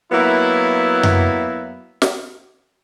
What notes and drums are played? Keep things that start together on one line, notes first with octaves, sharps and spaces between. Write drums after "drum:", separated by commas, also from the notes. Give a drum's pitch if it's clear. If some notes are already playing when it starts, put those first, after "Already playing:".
F#3 A#3 B3 E4
drum: tom F#2
drum: snare